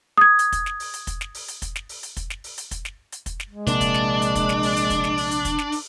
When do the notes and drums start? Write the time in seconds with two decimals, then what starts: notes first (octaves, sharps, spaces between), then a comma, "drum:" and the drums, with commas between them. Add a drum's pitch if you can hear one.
0.18 D#6 G#6
0.39 drum: hi-hat
0.52 drum: kick, hi-hat
0.66 drum: snare
0.80 drum: open hi-hat
0.93 drum: hi-hat
1.07 drum: kick, hi-hat
1.21 drum: snare
1.35 drum: open hi-hat
1.48 drum: hi-hat
1.62 drum: kick, hi-hat
1.76 drum: snare
1.89 drum: open hi-hat
2.03 drum: hi-hat
2.17 drum: kick, hi-hat
2.30 drum: snare
2.44 drum: open hi-hat
2.58 drum: hi-hat
2.71 drum: kick, hi-hat
2.85 drum: snare
3.12 drum: hi-hat
3.26 drum: kick, hi-hat
3.40 drum: snare
3.50 G#3
3.67 A#1 C3 A#3 D4 D6, drum: hi-hat
3.81 drum: kick, hi-hat
3.94 drum: snare
4.22 drum: hi-hat
4.35 drum: kick, hi-hat
4.49 drum: snare
4.63 drum: open hi-hat
4.76 drum: hi-hat
4.90 drum: kick, hi-hat
5.04 drum: snare
5.17 drum: open hi-hat
5.31 drum: hi-hat
5.45 drum: kick, hi-hat
5.58 drum: snare
5.72 drum: open hi-hat